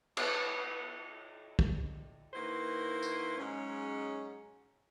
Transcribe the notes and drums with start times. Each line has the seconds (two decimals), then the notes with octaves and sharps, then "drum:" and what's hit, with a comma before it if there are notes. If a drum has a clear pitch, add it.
0.17 B3, drum: cymbal
1.59 drum: kick
2.34 D#3 A#3 E4 F#4 B4 C5
3.03 drum: tambourine
3.38 G#2 F#3 G#3 C#4